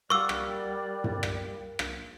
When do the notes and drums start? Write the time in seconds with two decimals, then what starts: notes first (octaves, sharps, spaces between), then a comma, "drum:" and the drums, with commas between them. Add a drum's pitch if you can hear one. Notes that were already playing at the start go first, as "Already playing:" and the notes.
0.10 G3 A#4 D5 F5 F#5 C#6 D6 E6
0.29 drum: rim click
1.04 drum: tom
1.23 drum: rim click
1.79 drum: rim click